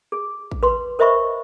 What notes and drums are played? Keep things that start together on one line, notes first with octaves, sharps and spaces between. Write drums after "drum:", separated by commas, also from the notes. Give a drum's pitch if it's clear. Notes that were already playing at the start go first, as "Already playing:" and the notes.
G#4
drum: kick A1
B4 C6
A#4 C5 D#5 E5 B5 C#6